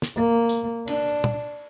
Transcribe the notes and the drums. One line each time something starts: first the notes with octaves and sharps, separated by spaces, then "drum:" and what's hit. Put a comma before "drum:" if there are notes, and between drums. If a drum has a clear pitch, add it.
drum: snare
A#3
drum: tambourine
D4, drum: cymbal
drum: tom